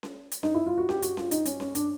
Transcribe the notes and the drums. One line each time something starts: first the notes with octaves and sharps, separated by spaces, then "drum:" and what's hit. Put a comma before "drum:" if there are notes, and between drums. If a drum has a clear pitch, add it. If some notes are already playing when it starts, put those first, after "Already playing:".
drum: snare C#4
drum: hi-hat
D#4, drum: snare C#4
E4
F4
F#4
G4, drum: snare C#4
F#4, drum: hi-hat
F4, drum: snare C#4
D#4, drum: hi-hat
C#4, drum: hi-hat
C#4, drum: snare C#4
D4, drum: hi-hat